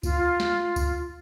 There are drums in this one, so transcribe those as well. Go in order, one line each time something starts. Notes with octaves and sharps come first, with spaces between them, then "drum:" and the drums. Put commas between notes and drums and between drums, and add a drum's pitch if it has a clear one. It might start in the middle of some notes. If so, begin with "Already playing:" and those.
F4, drum: kick C#2, tambourine
drum: snare
drum: kick C#2, tambourine